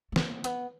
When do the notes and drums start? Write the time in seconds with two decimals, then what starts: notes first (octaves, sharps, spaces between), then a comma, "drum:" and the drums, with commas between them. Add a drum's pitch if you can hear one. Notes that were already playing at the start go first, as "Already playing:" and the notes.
0.12 A3
0.16 A#3, drum: snare
0.44 B3, drum: hi-hat